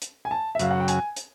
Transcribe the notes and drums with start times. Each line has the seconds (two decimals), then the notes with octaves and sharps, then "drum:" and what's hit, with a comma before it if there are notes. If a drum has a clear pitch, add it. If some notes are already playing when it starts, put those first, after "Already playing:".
0.02 drum: hi-hat
0.25 G#5
0.31 A5
0.55 E5
0.59 F#2 C#3 F#3 F5, drum: hi-hat
0.71 F#5
0.80 G5
0.88 G#5, drum: hi-hat
1.16 drum: hi-hat